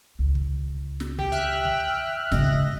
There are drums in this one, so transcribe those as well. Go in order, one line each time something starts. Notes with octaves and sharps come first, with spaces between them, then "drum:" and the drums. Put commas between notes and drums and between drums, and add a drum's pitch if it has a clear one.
C#2
drum: kick
drum: snare
G4 G5, drum: kick
E5 F6 F#6
drum: kick
G#2 C#3 D#5, drum: snare
drum: kick